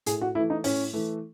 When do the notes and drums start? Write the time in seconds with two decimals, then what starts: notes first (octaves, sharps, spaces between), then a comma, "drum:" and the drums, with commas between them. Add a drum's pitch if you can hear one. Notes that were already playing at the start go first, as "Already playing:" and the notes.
0.06 A2 G#4, drum: hi-hat
0.21 F#4
0.35 E3 A3 E4
0.50 D#4
0.64 A2 C#4, drum: open hi-hat
0.93 E3 A3